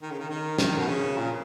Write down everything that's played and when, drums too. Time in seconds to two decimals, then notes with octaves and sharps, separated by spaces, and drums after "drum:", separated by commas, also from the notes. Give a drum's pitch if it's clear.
0.02 D#3
0.11 C#3
0.19 D#3
0.30 D#3
0.58 D#3, drum: snare
0.77 B2
0.87 C#3
1.17 A#2